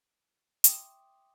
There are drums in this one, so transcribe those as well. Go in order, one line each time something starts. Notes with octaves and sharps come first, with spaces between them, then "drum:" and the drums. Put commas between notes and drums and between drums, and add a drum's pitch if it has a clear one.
E5 G5 C6 D6 D#6, drum: hi-hat